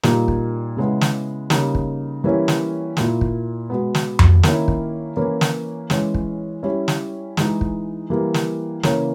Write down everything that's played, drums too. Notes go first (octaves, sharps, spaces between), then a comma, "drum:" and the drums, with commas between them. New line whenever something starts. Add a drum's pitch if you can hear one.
A#2 G3 A#3 D#4, drum: snare
drum: kick
C#3 G#3 B3 E4
drum: snare
C#3 G3 A#3 D#4, drum: snare
drum: kick
E3 G3 A#3 C#4 E4
drum: snare
A#2 A#3 E4, drum: snare
drum: kick
B2 G#3 B3
drum: snare
drum: tom F2
D#3 A#3 C#4 E4, drum: snare
drum: kick
E3 A#3 C#4 E4
drum: snare
E3 G#3 C#4, drum: snare
drum: kick
G3 C#4 E4
drum: snare
E3 G#3 D#4, drum: snare
drum: kick
E3 G3 A#3
drum: snare
C#3 E3 A#3 C#4, drum: snare